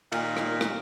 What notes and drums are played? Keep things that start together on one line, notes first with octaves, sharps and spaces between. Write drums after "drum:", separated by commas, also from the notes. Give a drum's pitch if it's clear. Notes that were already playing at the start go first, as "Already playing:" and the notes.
A#2 D#3, drum: cymbal
drum: rim click
drum: rim click